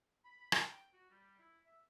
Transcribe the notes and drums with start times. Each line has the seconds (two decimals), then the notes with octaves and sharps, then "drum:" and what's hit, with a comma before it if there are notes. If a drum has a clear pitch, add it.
0.25 B5
0.52 drum: rim click
0.65 G5
0.94 F#4
1.11 G3
1.39 E4
1.66 E5